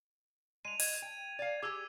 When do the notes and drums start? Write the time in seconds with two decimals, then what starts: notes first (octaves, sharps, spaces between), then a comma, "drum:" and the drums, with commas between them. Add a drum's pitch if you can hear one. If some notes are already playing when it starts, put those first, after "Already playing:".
0.65 G#3 D#7 F7
0.80 D#5 G#6, drum: open hi-hat
1.02 G5
1.39 D5 F5
1.62 G4 G#4 D6 E6 G#6